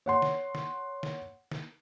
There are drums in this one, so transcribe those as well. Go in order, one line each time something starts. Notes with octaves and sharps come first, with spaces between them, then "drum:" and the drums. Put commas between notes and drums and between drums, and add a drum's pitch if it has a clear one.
C#5 F#5 C6
drum: snare
drum: snare
drum: snare
drum: snare